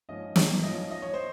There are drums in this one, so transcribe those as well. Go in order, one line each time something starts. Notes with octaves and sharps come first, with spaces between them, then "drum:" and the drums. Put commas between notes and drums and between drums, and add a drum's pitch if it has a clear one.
G#2 F3 A#3 C#4 D#5
drum: snare
G#2 F3 A#3 C#4 D#5
D#5
C#5
C5